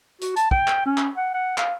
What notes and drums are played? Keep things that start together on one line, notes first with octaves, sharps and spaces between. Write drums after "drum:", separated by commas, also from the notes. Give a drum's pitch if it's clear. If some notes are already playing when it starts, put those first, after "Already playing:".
F#4, drum: hi-hat
A5, drum: hi-hat
G5, drum: kick
drum: clap
C#4
drum: clap
F#5
F#5
F5, drum: clap